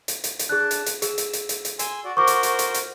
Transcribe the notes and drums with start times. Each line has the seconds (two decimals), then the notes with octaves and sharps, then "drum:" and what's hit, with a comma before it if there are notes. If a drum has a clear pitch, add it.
0.08 drum: hi-hat
0.24 drum: hi-hat
0.39 drum: hi-hat
0.49 D4 G#4 A5 F#6
0.71 drum: hi-hat
0.86 drum: hi-hat
1.02 G#4 E6, drum: hi-hat
1.18 drum: hi-hat
1.33 drum: hi-hat
1.49 drum: hi-hat
1.65 drum: hi-hat
1.79 G#5 C6 E6, drum: hi-hat
2.04 F#4 D5
2.17 F#4 A#4 C5 C#6 D6
2.27 drum: hi-hat
2.43 drum: hi-hat
2.59 drum: hi-hat
2.74 drum: hi-hat